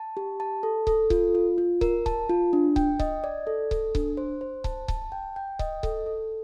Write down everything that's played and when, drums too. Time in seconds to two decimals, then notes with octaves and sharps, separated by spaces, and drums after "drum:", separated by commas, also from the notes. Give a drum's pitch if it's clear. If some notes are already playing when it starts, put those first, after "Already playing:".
Already playing: A5
0.17 G4
0.40 A5
0.63 A4
0.87 A4, drum: kick C#1
1.10 F4, drum: kick C#1
1.35 F4
1.58 F4
1.81 A#4, drum: kick C#1
2.06 A5, drum: kick C#1
2.29 F4
2.53 D4
2.76 G5, drum: kick C#1
2.99 D#5, drum: kick C#1
3.24 D5
3.47 A4
3.71 A4, drum: kick C#1
3.95 D4, drum: kick C#1
4.17 C5
4.41 C5
4.64 A5, drum: kick C#1
4.88 A5, drum: kick C#1
5.12 G5
5.36 G5
5.59 D#5, drum: kick C#1
5.83 A4, drum: kick C#1
6.06 A4